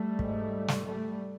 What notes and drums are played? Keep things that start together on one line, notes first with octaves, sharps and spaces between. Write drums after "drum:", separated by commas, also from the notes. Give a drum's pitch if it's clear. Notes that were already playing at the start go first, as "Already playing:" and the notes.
Already playing: G3 A3
G#2, drum: kick
drum: snare
G3 A3